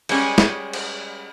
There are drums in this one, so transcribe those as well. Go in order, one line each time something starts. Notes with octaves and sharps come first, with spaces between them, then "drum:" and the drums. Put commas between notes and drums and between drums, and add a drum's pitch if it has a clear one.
G3 G#3 C#4, drum: cymbal
drum: snare
drum: cymbal